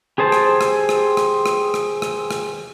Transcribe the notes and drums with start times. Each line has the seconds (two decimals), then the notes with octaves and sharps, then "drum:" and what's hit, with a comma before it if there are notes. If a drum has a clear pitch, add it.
0.18 G4 G#4 C5 A5
0.32 drum: rim click
0.61 drum: rim click
0.89 drum: rim click
1.17 drum: rim click
1.46 drum: rim click
1.74 drum: rim click
2.02 drum: rim click
2.31 drum: rim click